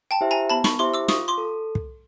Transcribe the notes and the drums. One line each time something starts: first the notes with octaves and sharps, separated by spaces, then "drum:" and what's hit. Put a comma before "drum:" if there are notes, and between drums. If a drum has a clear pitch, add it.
G5 A5
E4 G4 C5 E5
G#5 A#5
B3 A5 B5
B5 C#6, drum: snare
E4 G4 C5 E5 C6 D6
D6 E6
F4 C#6 D#6, drum: snare
C6 D6
A4
drum: kick